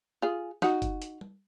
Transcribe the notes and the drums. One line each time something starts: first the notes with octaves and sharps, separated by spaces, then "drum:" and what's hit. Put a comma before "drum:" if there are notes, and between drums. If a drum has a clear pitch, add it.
F4 G#4
D#4 F#4, drum: snare
drum: kick F#1, hi-hat
drum: hi-hat
drum: tom